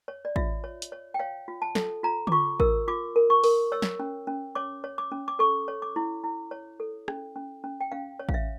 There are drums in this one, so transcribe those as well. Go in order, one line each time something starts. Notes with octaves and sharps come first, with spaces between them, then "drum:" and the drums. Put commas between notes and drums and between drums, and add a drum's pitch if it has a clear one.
C#5
D5
F4 E5, drum: kick A1
C#5
drum: hi-hat
C#5
G5
C#5 F5
F4
A5
A4, drum: snare
F4 A#5
D6, drum: tom
F4 C#6
A#4 E6, drum: kick A1
F4 D6
A#4
C#6
A#4, drum: open hi-hat
C#5 E6
drum: snare
C#4
C#4
C#5 D6
C#5
D6
C#4
D6
A4 C#6
C#5
D6
E4
E4
C#5
A4
C#4, drum: rim click
C#4
C#4
G5
C#4 F5
C#5
F5, drum: kick A1
E5